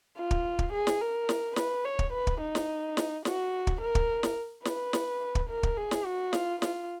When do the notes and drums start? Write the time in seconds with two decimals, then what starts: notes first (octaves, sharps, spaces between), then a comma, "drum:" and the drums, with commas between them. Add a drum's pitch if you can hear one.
0.17 F4
0.31 drum: kick
0.59 drum: kick
0.73 G#4
0.87 drum: snare
1.01 A#4
1.29 drum: snare
1.56 B4, drum: snare
1.85 C#5
1.99 drum: kick
2.13 B4
2.27 drum: kick
2.41 D#4
2.55 drum: snare
2.97 drum: snare
3.25 F#4, drum: snare
3.67 drum: kick
3.81 A#4
3.95 drum: kick
4.23 drum: snare
4.65 B4, drum: snare
4.93 drum: snare
5.35 drum: kick
5.49 A#4
5.63 drum: kick
5.77 G#4
5.91 drum: snare
6.05 F#4
6.33 F4, drum: snare
6.62 F4, drum: snare